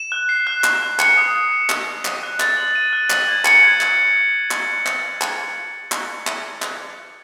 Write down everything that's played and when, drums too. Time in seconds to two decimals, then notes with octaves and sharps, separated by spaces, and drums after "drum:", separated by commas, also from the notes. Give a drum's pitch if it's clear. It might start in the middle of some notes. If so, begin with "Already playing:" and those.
Already playing: E7
0.12 F#6
0.29 C7
0.47 F#6
0.64 E7, drum: clap
0.82 F#6
0.99 C#7, drum: clap
1.17 D#6
1.35 F#6
1.52 E7
1.70 C#7, drum: clap
1.88 D#6
2.05 D#7, drum: clap
2.23 F#6
2.40 A6, drum: clap
2.57 F#7
2.75 D#7
2.93 F#6
3.10 F#7, drum: clap
3.28 G#6
3.45 C#7, drum: clap
3.64 G#6
3.81 drum: clap
4.51 drum: clap
4.86 drum: clap
5.21 drum: clap
5.92 drum: clap
6.27 drum: clap
6.62 drum: clap